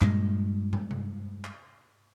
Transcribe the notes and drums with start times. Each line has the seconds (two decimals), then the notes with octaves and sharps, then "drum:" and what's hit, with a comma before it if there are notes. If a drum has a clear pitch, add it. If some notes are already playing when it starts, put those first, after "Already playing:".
0.01 G2 A#2 G#3, drum: clap
0.73 drum: tom
0.91 drum: tom
1.45 drum: clap